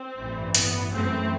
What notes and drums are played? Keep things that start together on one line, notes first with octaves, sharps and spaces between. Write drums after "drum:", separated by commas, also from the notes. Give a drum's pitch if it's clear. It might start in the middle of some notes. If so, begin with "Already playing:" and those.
Already playing: C4
A1 G2 E3
B3, drum: hi-hat
F#2 E3 A3 C4